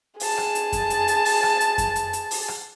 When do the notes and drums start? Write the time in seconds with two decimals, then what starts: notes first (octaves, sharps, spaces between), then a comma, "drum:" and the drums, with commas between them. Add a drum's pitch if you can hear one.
0.20 G#4 A5, drum: open hi-hat
0.37 drum: rim click
0.55 drum: hi-hat
0.73 drum: kick F#2, hi-hat
0.90 drum: hi-hat
1.08 drum: hi-hat
1.25 drum: open hi-hat
1.43 drum: rim click
1.60 drum: hi-hat
1.78 drum: kick F#2, hi-hat
1.96 drum: hi-hat
2.13 drum: hi-hat
2.31 drum: open hi-hat
2.48 drum: rim click